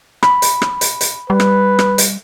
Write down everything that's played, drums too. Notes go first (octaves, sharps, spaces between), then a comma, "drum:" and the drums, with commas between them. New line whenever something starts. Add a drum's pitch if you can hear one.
B5, drum: rim click
drum: hi-hat
drum: rim click
drum: hi-hat
drum: hi-hat
G3 B4
drum: rim click
drum: rim click
drum: hi-hat